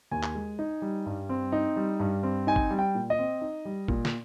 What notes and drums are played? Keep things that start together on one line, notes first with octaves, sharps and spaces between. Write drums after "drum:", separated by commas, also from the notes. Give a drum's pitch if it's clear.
D#2 G#5
drum: clap
G#3
D#4
G3
G2
C4
D#4
G3
G2
C4
D#4 G#5
drum: kick
G3
G5
A#2
D#5
C4
D#4
G3
A#2, drum: kick
drum: snare